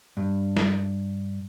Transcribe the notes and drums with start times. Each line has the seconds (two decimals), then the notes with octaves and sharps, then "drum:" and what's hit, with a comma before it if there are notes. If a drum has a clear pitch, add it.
0.17 G2
0.56 drum: snare